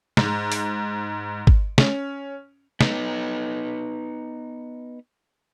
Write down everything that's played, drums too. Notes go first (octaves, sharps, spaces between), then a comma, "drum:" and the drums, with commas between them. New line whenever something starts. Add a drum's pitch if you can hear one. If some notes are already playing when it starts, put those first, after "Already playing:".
G#2, drum: snare
drum: open hi-hat
drum: kick
C#4, drum: snare
B3 D#4, drum: snare